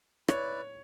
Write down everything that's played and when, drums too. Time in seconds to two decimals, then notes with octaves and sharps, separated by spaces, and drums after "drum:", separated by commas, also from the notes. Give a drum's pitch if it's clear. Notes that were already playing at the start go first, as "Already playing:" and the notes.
0.28 E4 B4 C#5 D5, drum: rim click